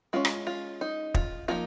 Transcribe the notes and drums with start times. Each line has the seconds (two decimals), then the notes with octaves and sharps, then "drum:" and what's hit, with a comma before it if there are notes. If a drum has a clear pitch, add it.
0.13 G#3 C#4 F4
0.25 drum: rim click
0.47 F4
0.81 D#4
1.15 F4, drum: kick
1.48 F3 A#3 D#4 F4